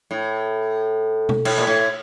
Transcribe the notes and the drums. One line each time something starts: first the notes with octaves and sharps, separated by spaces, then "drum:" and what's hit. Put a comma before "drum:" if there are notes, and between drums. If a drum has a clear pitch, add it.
A2
drum: tom B2
A2, drum: cymbal
A#2
A2